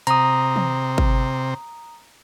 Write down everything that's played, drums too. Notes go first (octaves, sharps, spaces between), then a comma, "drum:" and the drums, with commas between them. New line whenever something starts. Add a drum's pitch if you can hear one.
C3 A#5 D#6, drum: hi-hat
drum: tom
drum: kick G#1